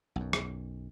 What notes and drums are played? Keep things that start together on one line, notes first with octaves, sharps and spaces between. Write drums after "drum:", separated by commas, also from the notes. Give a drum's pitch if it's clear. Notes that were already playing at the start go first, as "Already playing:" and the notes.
B1 F#2
drum: rim click